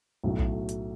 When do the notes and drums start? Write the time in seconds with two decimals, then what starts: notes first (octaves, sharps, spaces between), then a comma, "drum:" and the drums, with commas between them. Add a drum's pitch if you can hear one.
0.24 B1 A2 F#3 A3
0.39 drum: kick
0.69 drum: hi-hat